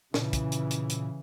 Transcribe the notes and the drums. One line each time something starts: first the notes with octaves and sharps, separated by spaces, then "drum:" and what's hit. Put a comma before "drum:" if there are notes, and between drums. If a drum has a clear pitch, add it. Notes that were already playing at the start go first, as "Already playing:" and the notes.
A#2 C#3 E3, drum: snare
drum: kick, hi-hat
drum: hi-hat
drum: hi-hat
drum: hi-hat